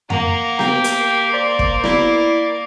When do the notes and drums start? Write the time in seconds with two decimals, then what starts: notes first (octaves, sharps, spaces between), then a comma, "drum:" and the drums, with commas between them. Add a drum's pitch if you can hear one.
0.10 A#3 F#5 A#5, drum: tom F2
0.59 G4 G5, drum: snare B3
0.84 drum: hi-hat
1.33 C5 D5
1.59 drum: kick
1.84 E4 D5, drum: snare B3